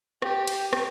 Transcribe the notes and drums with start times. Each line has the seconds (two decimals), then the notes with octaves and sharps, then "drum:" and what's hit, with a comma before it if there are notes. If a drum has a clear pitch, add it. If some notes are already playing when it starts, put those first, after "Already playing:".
0.22 G4, drum: rim click
0.47 drum: cymbal
0.73 drum: rim click